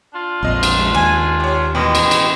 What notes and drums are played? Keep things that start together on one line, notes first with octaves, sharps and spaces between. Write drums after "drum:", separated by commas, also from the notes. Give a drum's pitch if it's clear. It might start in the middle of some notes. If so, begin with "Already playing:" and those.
D4 F4
A#1 F2 D#5 C6
drum: cymbal
G#3
D#2 G#5
G4 C#5
A1 B2 E3 G#3 G5
drum: cymbal
drum: cymbal